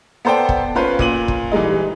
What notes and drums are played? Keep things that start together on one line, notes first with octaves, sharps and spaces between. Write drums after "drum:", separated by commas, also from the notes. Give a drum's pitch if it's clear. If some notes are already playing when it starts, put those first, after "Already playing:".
B3 A4 C5 D5 G5
drum: kick
C#4 F4 B4 C5 F5
A#2 D#7 F#7, drum: kick
drum: kick
E3 G3 G#3 D#4